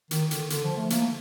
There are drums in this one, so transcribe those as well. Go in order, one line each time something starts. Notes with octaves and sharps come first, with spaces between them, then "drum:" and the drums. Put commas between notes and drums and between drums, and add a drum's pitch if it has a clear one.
D#3, drum: hi-hat
D3, drum: hi-hat
D3, drum: hi-hat
F3
A3
A#3, drum: hi-hat